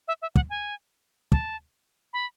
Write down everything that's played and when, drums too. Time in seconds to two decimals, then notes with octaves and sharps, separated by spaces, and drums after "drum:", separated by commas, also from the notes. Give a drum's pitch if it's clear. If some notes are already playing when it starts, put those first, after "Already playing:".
0.08 E5
0.22 E5
0.36 F#5, drum: kick
0.50 G#5
1.32 A5, drum: kick
2.13 B5